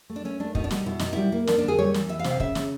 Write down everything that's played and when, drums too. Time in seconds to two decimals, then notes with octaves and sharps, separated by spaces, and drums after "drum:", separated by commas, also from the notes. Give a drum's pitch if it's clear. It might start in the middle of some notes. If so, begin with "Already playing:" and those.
0.09 A3
0.16 D4
0.25 A3 C#4
0.40 A3 D4
0.55 B2 D#4, drum: kick
0.64 D4
0.71 G3 D#4, drum: snare
0.86 B2 E4
0.99 B2 D#4, drum: snare
1.13 G3 E4
1.32 A#3
1.47 A#3 D4, drum: snare
1.58 D4
1.63 D3
1.68 G#4
1.78 G3 C#5
1.94 E3, drum: snare
2.09 E3 E5
2.19 F5
2.24 C3, drum: snare
2.30 F5
2.40 C#3 E5, drum: kick
2.55 C#3, drum: snare